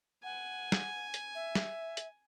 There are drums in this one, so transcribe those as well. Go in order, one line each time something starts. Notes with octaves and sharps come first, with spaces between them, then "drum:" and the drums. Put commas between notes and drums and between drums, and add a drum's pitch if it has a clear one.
F#5 G#5
drum: snare
drum: hi-hat
E5
drum: snare
drum: hi-hat